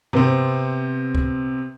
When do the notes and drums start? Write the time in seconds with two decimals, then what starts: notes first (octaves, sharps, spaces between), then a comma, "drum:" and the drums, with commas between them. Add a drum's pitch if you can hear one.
0.13 C3 B3 C4, drum: tom G2
1.15 drum: kick C2